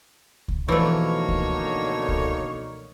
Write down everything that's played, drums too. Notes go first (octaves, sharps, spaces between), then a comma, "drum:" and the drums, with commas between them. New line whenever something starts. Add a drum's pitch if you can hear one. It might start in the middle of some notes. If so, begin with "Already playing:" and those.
drum: kick C#2
B2 D3 E3 F3 A3 A#3 D#4 C#5
drum: kick C#2
drum: kick C#2